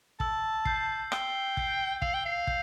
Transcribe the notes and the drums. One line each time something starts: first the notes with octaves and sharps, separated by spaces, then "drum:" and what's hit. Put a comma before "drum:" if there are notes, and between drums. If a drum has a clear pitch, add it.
A5 E6, drum: kick
G6 C7, drum: kick
G5 E6, drum: rim click
G6 C7, drum: kick
F5 E6, drum: kick
G5
F5
G6, drum: kick